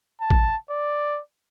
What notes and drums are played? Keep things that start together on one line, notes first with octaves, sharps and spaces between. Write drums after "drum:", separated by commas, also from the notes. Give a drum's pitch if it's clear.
A5
drum: kick
D5